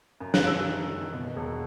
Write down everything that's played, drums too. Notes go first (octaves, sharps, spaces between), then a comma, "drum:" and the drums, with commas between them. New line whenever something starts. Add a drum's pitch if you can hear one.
F#2
F#6, drum: snare
F#2 E6
F#6
D#3
D#3
B2
E1